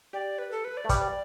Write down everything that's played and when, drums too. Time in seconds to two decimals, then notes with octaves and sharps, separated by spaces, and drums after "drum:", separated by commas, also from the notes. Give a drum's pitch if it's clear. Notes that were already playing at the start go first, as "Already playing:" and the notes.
0.13 G4 D5
0.39 B4
0.52 A4
0.64 B4
0.77 D5
0.84 A3
0.89 G3 B4, drum: kick, hi-hat
1.02 D5